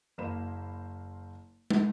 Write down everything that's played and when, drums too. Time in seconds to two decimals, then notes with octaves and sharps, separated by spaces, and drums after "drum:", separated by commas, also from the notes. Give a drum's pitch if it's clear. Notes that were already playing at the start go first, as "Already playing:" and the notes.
0.18 F#1 A#3 C5 B5 E7
1.70 drum: tom